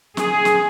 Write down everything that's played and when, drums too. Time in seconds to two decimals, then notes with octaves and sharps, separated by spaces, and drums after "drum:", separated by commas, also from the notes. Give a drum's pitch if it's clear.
0.17 G#4, drum: snare
0.45 drum: snare